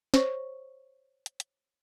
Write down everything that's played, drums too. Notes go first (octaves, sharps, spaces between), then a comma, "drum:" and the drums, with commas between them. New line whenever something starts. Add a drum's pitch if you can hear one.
C5 C#5 C#6, drum: snare
drum: hi-hat
drum: hi-hat